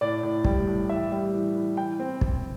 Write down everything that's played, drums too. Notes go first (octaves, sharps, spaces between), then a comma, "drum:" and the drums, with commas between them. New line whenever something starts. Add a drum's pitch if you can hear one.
A2 D5
A2
G3, drum: kick
A2
E3 E5
G3
E3
E3
E3 G5
C4
C4, drum: kick